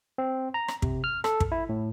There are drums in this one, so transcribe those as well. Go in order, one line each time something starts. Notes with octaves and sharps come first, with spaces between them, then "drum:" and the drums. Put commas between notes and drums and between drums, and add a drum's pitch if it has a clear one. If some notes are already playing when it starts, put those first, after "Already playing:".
C4
A#5
drum: rim click
C3, drum: kick
F6
A4, drum: rim click
drum: kick
E4
A2